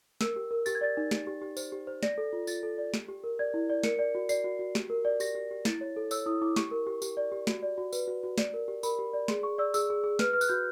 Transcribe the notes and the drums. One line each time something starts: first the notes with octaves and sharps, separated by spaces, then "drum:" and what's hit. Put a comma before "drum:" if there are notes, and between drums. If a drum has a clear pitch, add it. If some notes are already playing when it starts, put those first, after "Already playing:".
A#4 E6, drum: snare
G4
A#4
G4 A6, drum: tambourine
G#6
D5 A6
D#4
G4, drum: snare
G4
G4
C5, drum: tambourine
G4
C5
D5 A#6, drum: snare
A4
F4
F4 A6, drum: tambourine
A4
D5
G4, drum: snare
G4
A#4
D5 G#6
E4
D5
A#4 C#7, drum: snare
D5
F#4
D5 C7, drum: tambourine
F#4
F#4
G4, drum: snare
A#4
D5
G4 A#6, drum: tambourine
G4
G4
E4 A6, drum: snare
C#5
A4
C#5 E6, drum: tambourine
E4 D#6
E4 D6
G4 C#6, drum: snare
A#4
G4
G4, drum: tambourine
D5
G4
F#4, drum: snare
D5
F#4
B4, drum: tambourine
F#4
F#4
D5, drum: snare
A#4
G4
A#4 B5, drum: tambourine
G4
D5
G#4 C6, drum: snare
G#4 C#6
D5 E6
G#4 E6, drum: tambourine
G#4
G#4
B4 F6, drum: snare
B4 F6
F#6, drum: tambourine
F#4 G6